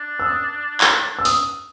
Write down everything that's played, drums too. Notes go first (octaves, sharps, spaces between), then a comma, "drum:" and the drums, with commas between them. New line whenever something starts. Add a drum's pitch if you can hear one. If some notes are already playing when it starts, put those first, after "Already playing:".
Already playing: D4
E6
D#6
drum: clap
E6
D#6, drum: open hi-hat